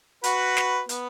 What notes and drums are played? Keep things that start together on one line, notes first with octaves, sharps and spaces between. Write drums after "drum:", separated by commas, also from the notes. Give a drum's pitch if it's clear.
F#4 B4, drum: hi-hat
drum: snare
B3, drum: hi-hat